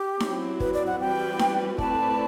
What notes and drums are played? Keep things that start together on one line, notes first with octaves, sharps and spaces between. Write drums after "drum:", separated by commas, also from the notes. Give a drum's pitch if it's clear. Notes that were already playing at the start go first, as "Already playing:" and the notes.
Already playing: G4
F#3 C4 E4, drum: snare D#4
B4, drum: kick
D5
F#5
E3 G3 C4 F#4 B4 G5
drum: snare D#4
A3 C4 E4 B4 D5 A5, drum: kick